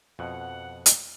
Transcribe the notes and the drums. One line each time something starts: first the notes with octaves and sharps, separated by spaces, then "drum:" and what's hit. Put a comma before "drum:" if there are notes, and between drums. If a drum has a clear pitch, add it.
F2 B2 F#5
drum: hi-hat